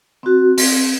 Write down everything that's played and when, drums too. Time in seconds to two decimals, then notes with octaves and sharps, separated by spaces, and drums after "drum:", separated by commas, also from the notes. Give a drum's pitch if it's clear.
0.23 C4 F#4
0.57 C4, drum: open hi-hat